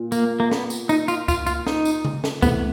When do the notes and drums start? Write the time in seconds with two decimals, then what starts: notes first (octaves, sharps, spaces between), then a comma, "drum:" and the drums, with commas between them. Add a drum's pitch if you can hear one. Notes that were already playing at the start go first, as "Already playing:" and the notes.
Already playing: A#2
0.12 A#3, drum: tambourine
0.40 A#3
0.51 B3, drum: snare
0.70 drum: tambourine
0.89 D#4, drum: tambourine
1.08 F4, drum: tambourine
1.28 F4, drum: kick C#2, tambourine
1.46 F4, drum: tambourine
1.67 D#4, drum: snare
1.85 drum: tambourine
2.05 drum: tom C3
2.24 drum: snare
2.42 C3 E3 A3 B3, drum: kick C#2, tambourine